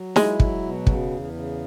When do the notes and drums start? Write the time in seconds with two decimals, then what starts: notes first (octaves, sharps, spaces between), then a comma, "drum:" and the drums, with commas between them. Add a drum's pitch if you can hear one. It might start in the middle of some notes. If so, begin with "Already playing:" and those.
Already playing: F#3
0.16 G#3 E4, drum: snare D#4
0.40 F#3, drum: kick
0.62 B2
0.87 C#3, drum: kick
1.10 E2
1.33 C#3